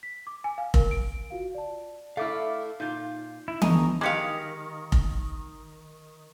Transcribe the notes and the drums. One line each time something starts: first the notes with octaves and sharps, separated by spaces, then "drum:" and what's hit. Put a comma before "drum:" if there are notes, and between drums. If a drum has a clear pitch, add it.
B6
D6
G#5
F5
A#4, drum: kick F1
D7
F4 F#4 F5
D5 A5
A3 E4 F5 D6 F6
A#2 D#4 F4 G6
E4
G1 D#5 G#5 A#5 C#6, drum: tom E3
D#3 G#3 G4 F5 D6 C#7
drum: kick F1